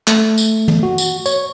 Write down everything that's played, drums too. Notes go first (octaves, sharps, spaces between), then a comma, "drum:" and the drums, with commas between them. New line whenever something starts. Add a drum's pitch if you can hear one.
A3, drum: clap
drum: tambourine
drum: tom
F#4
drum: tambourine
C#5, drum: tambourine